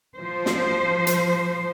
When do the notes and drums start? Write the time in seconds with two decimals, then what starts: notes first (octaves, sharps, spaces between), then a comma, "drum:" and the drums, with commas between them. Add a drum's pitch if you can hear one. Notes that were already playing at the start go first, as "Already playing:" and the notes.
0.15 F3 C5
0.46 drum: snare
1.07 drum: hi-hat